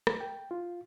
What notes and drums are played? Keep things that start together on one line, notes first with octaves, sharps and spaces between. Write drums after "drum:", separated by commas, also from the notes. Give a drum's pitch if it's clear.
drum: rim click
G5
F4